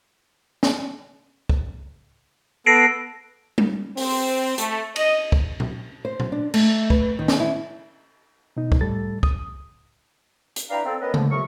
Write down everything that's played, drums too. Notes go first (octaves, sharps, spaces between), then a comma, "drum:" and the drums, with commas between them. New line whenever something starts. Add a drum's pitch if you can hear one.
drum: snare
drum: kick
B3 A4 A#6 C7 D7
drum: tom G3
C4, drum: open hi-hat
A3, drum: hi-hat
D#5, drum: cymbal
drum: kick
drum: tom A#2
C5
drum: tom A#2
D4
A3, drum: cymbal
B4, drum: kick
D#3
drum: snare
E4
B2 D#4
drum: kick
A2 G3 A4 A6
D#6, drum: kick
drum: hi-hat
D4 E4 B4 F5 G5 A#5
C4 A4
B3 C#4 A#4 B4 D#5
D3 F3 A#3, drum: tom C#3
F2 A2 C3 F#3 A#4 C#6